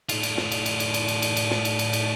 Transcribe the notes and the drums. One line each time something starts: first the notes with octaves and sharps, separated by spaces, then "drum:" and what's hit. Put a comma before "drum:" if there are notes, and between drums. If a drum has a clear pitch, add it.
A2 F4, drum: cymbal
drum: cymbal
drum: snare
drum: cymbal
drum: cymbal
drum: cymbal
drum: cymbal
drum: cymbal
drum: cymbal
drum: cymbal
drum: snare
drum: cymbal
drum: cymbal
drum: cymbal